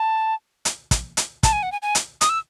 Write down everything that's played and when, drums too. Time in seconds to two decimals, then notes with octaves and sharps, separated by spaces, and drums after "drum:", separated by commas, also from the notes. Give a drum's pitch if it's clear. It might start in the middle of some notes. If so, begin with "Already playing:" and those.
Already playing: A5
0.65 drum: hi-hat
0.91 drum: kick, hi-hat
1.17 drum: hi-hat
1.43 A5, drum: kick, hi-hat
1.53 G#5
1.63 F#5
1.72 G#5
1.82 G#5
1.95 drum: hi-hat
2.21 D#6, drum: hi-hat
2.29 E6